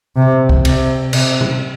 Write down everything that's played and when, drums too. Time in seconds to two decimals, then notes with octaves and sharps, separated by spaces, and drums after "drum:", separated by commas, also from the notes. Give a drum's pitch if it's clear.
0.16 C3
0.49 drum: kick C2
0.65 C3, drum: cymbal
1.13 C3, drum: cymbal
1.41 drum: tom B2